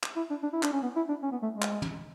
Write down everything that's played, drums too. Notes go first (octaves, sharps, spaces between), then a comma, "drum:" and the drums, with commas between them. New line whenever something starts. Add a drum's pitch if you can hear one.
drum: clap
E4
D4
D4
E4
D4, drum: clap
C#4
B3
E4
D4
C#4
B3
A3
G#3
drum: clap
drum: tom